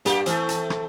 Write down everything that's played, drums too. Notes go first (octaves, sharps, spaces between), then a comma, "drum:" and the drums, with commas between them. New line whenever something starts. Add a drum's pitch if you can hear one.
G2 A#3 G4, drum: hi-hat
E3 A3 C4, drum: hi-hat
drum: hi-hat
drum: rim click